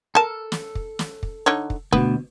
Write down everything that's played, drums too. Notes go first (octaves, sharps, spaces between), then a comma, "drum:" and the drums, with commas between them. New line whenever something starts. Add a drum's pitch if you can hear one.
A4 A#4 A5
drum: snare
drum: kick
drum: snare
drum: kick
D3 D#4 C#5
drum: kick
D2 B2 B3, drum: kick